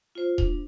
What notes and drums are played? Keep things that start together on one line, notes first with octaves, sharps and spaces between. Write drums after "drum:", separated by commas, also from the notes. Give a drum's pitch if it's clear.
F4 C5
D4, drum: kick D#1